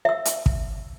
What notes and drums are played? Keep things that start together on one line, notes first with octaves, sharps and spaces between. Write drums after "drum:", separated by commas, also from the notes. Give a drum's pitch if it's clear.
E5 E6
drum: hi-hat
drum: kick